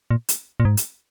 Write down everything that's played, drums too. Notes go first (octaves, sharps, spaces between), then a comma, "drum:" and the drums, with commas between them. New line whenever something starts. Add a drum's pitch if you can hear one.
A#2
drum: hi-hat
A#2
G#2
drum: hi-hat